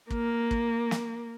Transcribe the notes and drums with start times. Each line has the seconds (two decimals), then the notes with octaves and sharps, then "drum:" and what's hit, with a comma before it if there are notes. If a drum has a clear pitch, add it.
0.10 A#3, drum: kick
0.51 drum: kick
0.91 drum: snare